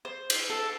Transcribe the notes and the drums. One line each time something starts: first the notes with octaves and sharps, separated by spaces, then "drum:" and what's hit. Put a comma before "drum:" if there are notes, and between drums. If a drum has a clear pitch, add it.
C5
drum: cymbal
A4